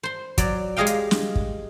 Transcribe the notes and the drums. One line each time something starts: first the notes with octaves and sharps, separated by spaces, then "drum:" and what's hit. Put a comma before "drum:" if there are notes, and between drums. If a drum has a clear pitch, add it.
C5 C6
F#3 D5, drum: kick, hi-hat
G#3 G4 G#4 D#5 F5 G5
drum: hi-hat
drum: snare
drum: kick